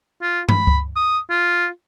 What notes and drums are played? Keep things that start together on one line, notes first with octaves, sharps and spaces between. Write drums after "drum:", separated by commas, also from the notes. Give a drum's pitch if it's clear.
F4
B5, drum: tom G2
drum: kick C#2
D#6
F4